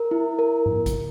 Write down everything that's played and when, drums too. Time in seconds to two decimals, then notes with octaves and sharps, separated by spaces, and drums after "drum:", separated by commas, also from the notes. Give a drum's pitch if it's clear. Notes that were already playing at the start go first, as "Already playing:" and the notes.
Already playing: A#4
0.11 E4
0.39 A#4
0.66 drum: tom G#2
0.86 drum: kick A1, hi-hat